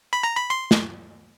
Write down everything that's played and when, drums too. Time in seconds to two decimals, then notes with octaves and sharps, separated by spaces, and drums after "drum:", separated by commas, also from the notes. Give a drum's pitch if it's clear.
0.13 B5
0.23 A#5
0.36 B5
0.50 C6
0.71 drum: snare